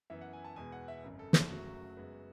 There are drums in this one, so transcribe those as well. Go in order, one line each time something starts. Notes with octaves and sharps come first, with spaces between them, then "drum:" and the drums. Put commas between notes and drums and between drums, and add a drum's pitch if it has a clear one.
F#2 E3 B3 E5
F#5
G#5
A5
E2 B2 G#3 B3 G#5
F#5
E5
G#1 F#2 C#3 G#3
A4
drum: snare
F#1 F#2 C#3 F#3 A3 F#4
F#2 C#3 G#3 B3